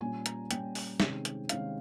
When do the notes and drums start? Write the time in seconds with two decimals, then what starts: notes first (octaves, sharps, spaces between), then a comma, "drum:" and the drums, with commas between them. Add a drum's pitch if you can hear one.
0.01 A#2 G3 C#4 G#5
0.26 A#5, drum: hi-hat
0.51 A#2 G3 C#4 G5, drum: hi-hat
0.75 drum: open hi-hat
1.00 C3 D#3 G#3 C#4, drum: snare
1.25 drum: hi-hat
1.49 C3 D#3 G#3 C#4 F5, drum: hi-hat